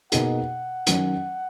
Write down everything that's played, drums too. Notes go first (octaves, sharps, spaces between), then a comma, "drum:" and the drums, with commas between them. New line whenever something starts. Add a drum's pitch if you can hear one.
B2 A#3 D#4 G#4 F#5, drum: hi-hat
D#3 F#3 C#4, drum: hi-hat